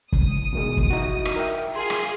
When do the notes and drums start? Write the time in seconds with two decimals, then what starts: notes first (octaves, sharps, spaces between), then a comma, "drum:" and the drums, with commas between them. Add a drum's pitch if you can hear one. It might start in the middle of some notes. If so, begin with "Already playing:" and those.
0.12 C#2 D#6, drum: kick
0.53 B2 D#3 G#3
0.77 drum: kick
0.90 D#4 E4 F#4
1.25 drum: rim click
1.36 A#4 E5 G5
1.76 F4 G#4 C6
1.90 drum: rim click